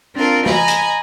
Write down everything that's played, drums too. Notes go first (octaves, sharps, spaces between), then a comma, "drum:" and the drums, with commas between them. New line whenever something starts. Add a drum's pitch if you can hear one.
C4 D4 F4 A#4
D#5 G#5 A#5 B5, drum: snare
drum: hi-hat